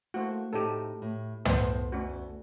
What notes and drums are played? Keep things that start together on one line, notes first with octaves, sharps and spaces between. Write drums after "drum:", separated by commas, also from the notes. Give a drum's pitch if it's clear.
A3 A#3 E4 F#4 C5
A2 C4 D#4 G4 A4
A2
A2 B3 C5, drum: tom
D2 C#4 F#4